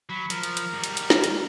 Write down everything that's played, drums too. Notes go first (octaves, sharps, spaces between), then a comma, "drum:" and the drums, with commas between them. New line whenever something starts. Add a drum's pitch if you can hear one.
F#3 B5
F3 A#4, drum: hi-hat
drum: hi-hat
drum: hi-hat
G#2 G3
drum: hi-hat
drum: hi-hat
drum: snare
drum: hi-hat